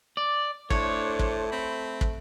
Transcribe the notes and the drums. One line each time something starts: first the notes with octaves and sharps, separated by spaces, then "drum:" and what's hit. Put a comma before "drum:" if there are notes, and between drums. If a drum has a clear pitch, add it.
D5
A2 A3 D4 C5 C#5, drum: kick
drum: kick
C4 B5
drum: kick